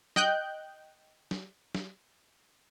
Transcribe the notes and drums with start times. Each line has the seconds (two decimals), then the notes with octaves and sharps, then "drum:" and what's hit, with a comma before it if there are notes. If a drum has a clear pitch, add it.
0.16 D#5 G5 F#6 G6, drum: snare
1.31 drum: snare
1.75 drum: snare